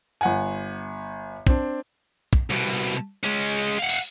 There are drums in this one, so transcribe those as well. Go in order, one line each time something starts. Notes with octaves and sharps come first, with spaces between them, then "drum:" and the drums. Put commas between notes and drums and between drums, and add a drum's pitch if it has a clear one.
G1 F#5 G#5
C4 D4, drum: kick
drum: kick
C2 B2
G#3 C#4
F5 F#5
drum: open hi-hat